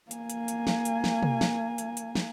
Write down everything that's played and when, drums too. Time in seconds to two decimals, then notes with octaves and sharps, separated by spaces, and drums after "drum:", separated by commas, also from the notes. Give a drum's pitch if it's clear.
0.11 A#3 G#5, drum: hi-hat
0.30 drum: hi-hat
0.48 drum: hi-hat
0.67 drum: snare
0.85 drum: hi-hat
1.04 drum: snare
1.22 drum: tom
1.41 drum: snare
1.78 drum: hi-hat
1.97 drum: hi-hat
2.15 drum: snare